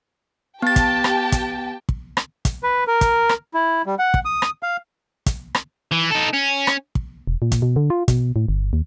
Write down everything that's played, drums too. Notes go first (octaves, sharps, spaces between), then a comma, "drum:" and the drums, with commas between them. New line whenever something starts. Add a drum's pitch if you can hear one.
B3 G4 G5 A5 A6
drum: kick, hi-hat
drum: rim click
drum: kick, hi-hat
drum: kick
drum: rim click
drum: kick, hi-hat
B4
A#4
drum: kick, hi-hat
drum: rim click
E4
G3
F#5
drum: kick
D#6
drum: rim click
F5
drum: kick, hi-hat
drum: rim click
E3
D#4 A4
C#4
drum: rim click
drum: kick
E1
A#2
drum: kick, hi-hat
B2
D3
F4
B2, drum: kick, hi-hat
A2
G1
D#2